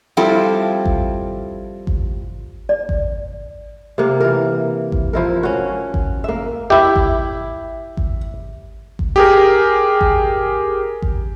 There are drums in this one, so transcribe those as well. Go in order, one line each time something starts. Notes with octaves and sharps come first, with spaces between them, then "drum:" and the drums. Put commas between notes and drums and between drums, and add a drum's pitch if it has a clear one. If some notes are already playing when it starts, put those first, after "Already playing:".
F3 G3 C4 E4 F4 A4
drum: kick G#1
drum: kick G#1
D5
drum: kick G#1
C3 A#3
E3 A#4
drum: kick G#1
F3 E4 A#4
C#4 F#4
drum: kick G#1
A#3 E5
E4 G4 E5
drum: kick G#1
drum: kick G#1
drum: kick G#1
G4 G#4 A#4
drum: kick G#1
drum: kick G#1